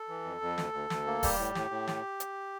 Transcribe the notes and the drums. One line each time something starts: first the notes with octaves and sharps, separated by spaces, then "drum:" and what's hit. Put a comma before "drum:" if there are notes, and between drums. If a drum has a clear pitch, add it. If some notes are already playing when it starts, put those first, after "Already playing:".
Already playing: A4
E3
F2
F2
D2, drum: snare
D2
D2, drum: snare
A#3
G3 G4, drum: kick D#1, open hi-hat
A2
A2, drum: snare
A2
drum: snare
drum: hi-hat